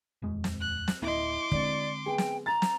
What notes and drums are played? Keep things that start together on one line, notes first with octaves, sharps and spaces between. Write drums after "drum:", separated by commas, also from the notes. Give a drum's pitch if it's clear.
D#1 F2 G#3
drum: snare
F#6
drum: snare
D1 A#3 E4 D#5 C6 D6
D3 G#3 C4 D5, drum: kick
B3 G#4 G5
drum: snare
A#5 A6
drum: snare